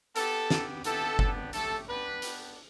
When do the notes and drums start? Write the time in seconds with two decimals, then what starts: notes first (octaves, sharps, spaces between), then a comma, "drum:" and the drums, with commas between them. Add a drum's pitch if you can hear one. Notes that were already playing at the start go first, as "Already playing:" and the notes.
0.16 B3 G4 A4, drum: hi-hat
0.50 B3 G4, drum: snare
0.84 B3 E4 G4 A4, drum: hi-hat
1.19 B3 D4 G4, drum: kick F#1
1.53 A3 G4 A4, drum: hi-hat
1.88 B3 D4 G4 B4
2.22 B3 D4 G4, drum: hi-hat